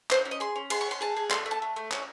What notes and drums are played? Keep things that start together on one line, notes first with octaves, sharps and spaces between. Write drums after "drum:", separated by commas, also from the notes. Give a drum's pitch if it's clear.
C#4 C5, drum: clap
C#4
D#5
G#4 C6
C#4
G#4 C6, drum: cymbal
C#6
C#4
C6
G#4 A5
G#4
A3 C6, drum: clap
A3
A5
A3
A3
C#4, drum: clap